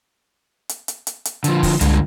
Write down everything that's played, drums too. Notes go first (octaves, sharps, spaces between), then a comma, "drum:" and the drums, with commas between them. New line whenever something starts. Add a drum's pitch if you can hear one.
drum: hi-hat
drum: hi-hat
drum: hi-hat
drum: hi-hat
D3 F3, drum: hi-hat
drum: kick, open hi-hat
C#2 G2 D3 G#3, drum: hi-hat